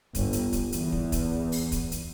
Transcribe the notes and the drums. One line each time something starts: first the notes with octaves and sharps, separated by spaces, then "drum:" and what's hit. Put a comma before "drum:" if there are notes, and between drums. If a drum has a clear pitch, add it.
G1, drum: kick, hi-hat
drum: hi-hat
drum: kick, hi-hat
E2, drum: hi-hat
drum: kick
drum: kick, hi-hat
drum: open hi-hat
drum: kick, hi-hat
drum: hi-hat